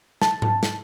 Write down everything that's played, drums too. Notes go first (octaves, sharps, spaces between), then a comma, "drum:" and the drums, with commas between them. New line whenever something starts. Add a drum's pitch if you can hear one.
A5, drum: snare
drum: tom G#2
drum: snare